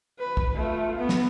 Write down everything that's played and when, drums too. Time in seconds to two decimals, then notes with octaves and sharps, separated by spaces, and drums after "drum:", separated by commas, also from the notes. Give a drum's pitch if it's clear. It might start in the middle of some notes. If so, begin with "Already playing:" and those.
0.19 B4
0.37 drum: kick
0.55 A3 F4
0.97 B3
1.09 drum: snare